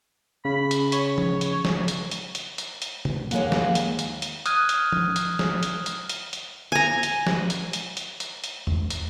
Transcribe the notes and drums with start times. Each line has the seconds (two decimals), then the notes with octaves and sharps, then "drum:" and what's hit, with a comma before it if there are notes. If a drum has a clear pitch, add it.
0.45 C#3 B5
0.71 drum: hi-hat
0.92 C#5, drum: hi-hat
1.18 drum: tom
1.41 drum: hi-hat
1.65 drum: snare
1.88 drum: hi-hat
2.11 drum: hi-hat
2.35 drum: hi-hat
2.58 drum: hi-hat
2.82 drum: hi-hat
3.05 drum: tom
3.31 D#2 G#3 A#3 C#5 F5 F#5, drum: hi-hat
3.52 drum: snare
3.75 drum: hi-hat
3.99 drum: hi-hat
4.22 drum: hi-hat
4.46 D#6 F6 F#6 G#6 D#7, drum: hi-hat
4.69 drum: hi-hat
4.92 drum: tom
5.16 drum: hi-hat
5.39 drum: snare
5.63 drum: hi-hat
5.86 drum: hi-hat
6.09 drum: hi-hat
6.33 drum: hi-hat
6.72 G#5 A#5
7.03 drum: hi-hat
7.27 drum: snare
7.50 drum: hi-hat
7.73 drum: hi-hat
7.97 drum: hi-hat
8.20 drum: hi-hat
8.44 drum: hi-hat
8.67 drum: tom E2
8.90 drum: hi-hat